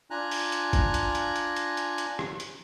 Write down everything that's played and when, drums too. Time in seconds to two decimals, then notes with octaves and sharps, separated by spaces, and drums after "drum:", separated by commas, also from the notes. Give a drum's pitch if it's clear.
0.11 D4 F4 G#5 A#5 F#6
0.31 drum: open hi-hat
0.52 drum: hi-hat
0.73 drum: kick, hi-hat
0.94 drum: hi-hat
1.15 drum: hi-hat
1.36 drum: hi-hat
1.56 drum: hi-hat
1.77 drum: hi-hat
1.98 drum: hi-hat
2.19 drum: rim click
2.40 drum: hi-hat